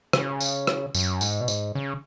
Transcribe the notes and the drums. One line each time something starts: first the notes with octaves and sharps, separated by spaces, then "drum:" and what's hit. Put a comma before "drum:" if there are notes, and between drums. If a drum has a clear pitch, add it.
C#3, drum: rim click
drum: tambourine
drum: rim click
F#2, drum: tambourine
G#2, drum: tambourine
B2
G#2, drum: tambourine
C#3